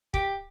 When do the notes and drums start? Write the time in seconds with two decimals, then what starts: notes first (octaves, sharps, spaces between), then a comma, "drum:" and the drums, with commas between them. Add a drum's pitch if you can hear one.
0.14 G4, drum: kick